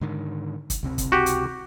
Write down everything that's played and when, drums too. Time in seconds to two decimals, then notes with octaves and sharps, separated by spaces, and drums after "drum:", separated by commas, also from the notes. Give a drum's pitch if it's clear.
0.01 G#2 D3 D#3
0.70 drum: kick, hi-hat
0.83 C#2 C3 C4
0.98 drum: kick, hi-hat
1.12 F#4 G4
1.26 drum: hi-hat